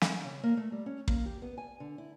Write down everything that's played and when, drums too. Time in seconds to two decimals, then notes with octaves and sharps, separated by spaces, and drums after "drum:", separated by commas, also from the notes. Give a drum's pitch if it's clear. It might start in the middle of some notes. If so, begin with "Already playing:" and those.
0.01 G#5, drum: snare
0.24 C#3
0.43 A#3
0.57 A3
0.72 G3
0.86 C#4
1.08 A#3, drum: kick
1.26 G4
1.42 B3
1.57 G#5
1.80 D3
1.98 E4